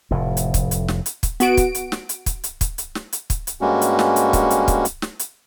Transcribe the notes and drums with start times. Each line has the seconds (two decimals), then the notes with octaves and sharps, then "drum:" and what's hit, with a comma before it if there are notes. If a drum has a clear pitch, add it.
0.11 F1 A2
0.37 drum: hi-hat
0.54 drum: kick, hi-hat
0.71 drum: hi-hat
0.88 drum: snare
1.06 drum: hi-hat
1.23 drum: kick, hi-hat
1.40 B3 F#4 D7, drum: hi-hat
1.57 drum: kick, hi-hat
1.75 drum: hi-hat
1.92 drum: snare
2.09 drum: hi-hat
2.26 drum: kick, hi-hat
2.44 drum: hi-hat
2.61 drum: kick, hi-hat
2.78 drum: hi-hat
2.95 drum: snare
3.13 drum: hi-hat
3.30 drum: kick, hi-hat
3.47 drum: hi-hat
3.61 G2 G3 G#3 A#3 C#4 F#4
3.81 drum: hi-hat
3.99 drum: snare
4.16 drum: hi-hat
4.33 drum: kick, hi-hat
4.50 drum: hi-hat
4.68 drum: kick, hi-hat
4.85 drum: hi-hat
5.02 drum: snare
5.19 drum: hi-hat